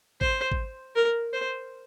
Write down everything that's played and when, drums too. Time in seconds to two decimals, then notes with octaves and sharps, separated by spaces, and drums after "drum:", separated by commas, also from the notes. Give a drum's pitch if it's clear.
0.21 C5, drum: kick
0.52 drum: kick
0.96 A#4
1.33 C5